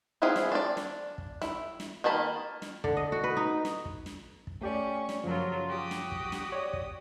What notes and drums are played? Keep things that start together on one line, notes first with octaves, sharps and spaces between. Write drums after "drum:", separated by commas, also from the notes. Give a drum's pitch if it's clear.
B3 C4 E4 F4 G#4
drum: snare
D4 D5
drum: snare
drum: kick
E4, drum: snare
drum: snare
D#3 A#3 A5 B5
drum: snare
D3, drum: kick
D#5
F#4
B4
D#4
drum: snare
drum: kick
drum: snare
drum: kick
A3 C#4 G4 D5 C#6
drum: snare
F#2 C#3 F3 F#3 F4
F#4 G4 D#6
drum: snare
drum: kick
drum: snare
C#5 D5
drum: kick